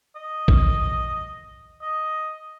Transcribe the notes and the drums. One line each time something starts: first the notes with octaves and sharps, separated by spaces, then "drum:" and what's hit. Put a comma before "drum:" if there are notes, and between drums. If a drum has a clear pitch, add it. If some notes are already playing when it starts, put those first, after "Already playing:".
D#5
drum: kick A#1
D#5